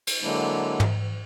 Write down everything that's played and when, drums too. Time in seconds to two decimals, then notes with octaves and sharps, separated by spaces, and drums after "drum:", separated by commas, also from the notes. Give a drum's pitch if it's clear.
0.07 drum: cymbal
0.22 D3 F#3 G#3 A#3 D4 E4
0.80 drum: tom